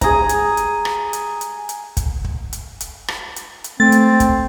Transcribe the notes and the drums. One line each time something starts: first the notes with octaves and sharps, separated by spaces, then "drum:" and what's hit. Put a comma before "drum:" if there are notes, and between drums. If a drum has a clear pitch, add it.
G#4 A#5, drum: kick, hi-hat
drum: hi-hat
drum: hi-hat
drum: rim click
drum: hi-hat
drum: hi-hat
drum: hi-hat
drum: kick, hi-hat
drum: kick
drum: hi-hat
drum: hi-hat
drum: rim click
drum: hi-hat
drum: hi-hat
A3 C4 A6
drum: hi-hat
drum: kick, hi-hat